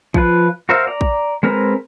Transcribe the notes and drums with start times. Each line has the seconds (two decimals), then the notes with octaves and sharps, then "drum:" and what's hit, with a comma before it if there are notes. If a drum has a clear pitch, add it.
0.14 F3 F4 B4, drum: kick
0.69 F#4 A#4 C5 E5 F5
0.87 D5 A#5
1.01 drum: kick
1.43 G#3 C4 A#4 B4 A#5